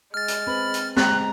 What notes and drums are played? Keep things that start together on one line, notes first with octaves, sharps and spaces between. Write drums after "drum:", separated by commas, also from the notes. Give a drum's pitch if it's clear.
G#3 F6 A6
drum: hi-hat
C4 B4 C5 B5
drum: hi-hat
G#3 C4 A#5 F#6, drum: snare